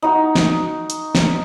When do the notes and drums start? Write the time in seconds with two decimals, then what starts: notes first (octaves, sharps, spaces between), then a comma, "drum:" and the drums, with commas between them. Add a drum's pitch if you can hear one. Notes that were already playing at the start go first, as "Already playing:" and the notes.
0.02 D#4 F#4
0.35 drum: snare
0.90 drum: hi-hat
1.15 drum: snare